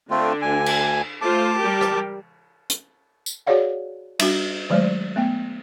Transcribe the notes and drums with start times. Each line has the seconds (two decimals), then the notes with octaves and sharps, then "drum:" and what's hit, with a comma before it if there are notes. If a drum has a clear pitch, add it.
0.11 D3 A3 C4 D4 F4
0.42 D2 G#5
0.66 drum: cymbal
1.21 A3 F4 C5 A5 D6
1.59 G3 G4 A#4
1.81 drum: rim click
2.70 drum: hi-hat
3.26 drum: tambourine
3.47 F#4 G#4 C#5 D5 F5 F#5
4.19 G3 D4 F#4, drum: cymbal
4.70 D#3 F#3 G#3 A3 C5 D5
5.16 A3 B3 G5